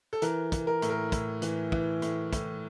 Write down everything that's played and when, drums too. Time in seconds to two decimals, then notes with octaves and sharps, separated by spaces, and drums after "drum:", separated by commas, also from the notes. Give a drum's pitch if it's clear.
0.13 A4
0.22 E3 A#4, drum: hi-hat
0.52 E3, drum: kick, hi-hat
0.67 A#4
0.82 A2, drum: hi-hat
0.90 A#4
1.12 A2, drum: kick, hi-hat
1.42 E3, drum: hi-hat
1.72 E3, drum: kick
2.02 A2, drum: hi-hat
2.33 A2, drum: kick, hi-hat